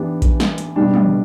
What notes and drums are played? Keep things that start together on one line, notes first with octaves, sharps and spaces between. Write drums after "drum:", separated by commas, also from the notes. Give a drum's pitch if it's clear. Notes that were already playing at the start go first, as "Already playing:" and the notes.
Already playing: E3 B3 D4 G4
drum: kick A#1, hi-hat
drum: snare
drum: hi-hat
B2 G3 D4
drum: tom